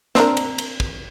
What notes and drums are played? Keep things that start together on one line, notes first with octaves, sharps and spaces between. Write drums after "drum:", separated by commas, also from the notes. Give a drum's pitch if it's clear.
C4 D4 A#4, drum: snare
drum: cymbal
drum: cymbal
drum: kick